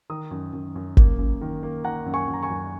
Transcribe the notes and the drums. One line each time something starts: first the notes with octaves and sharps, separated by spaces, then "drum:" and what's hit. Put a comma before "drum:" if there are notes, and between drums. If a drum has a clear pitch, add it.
D#3 A#5 D#6
F#2
F#2
F#2
A#3, drum: kick G1
F#2
D#3
A#3
D#3 F#5 A#5
F#2
G#5 C#6
F#2
A#5
G#5 C#6
F#2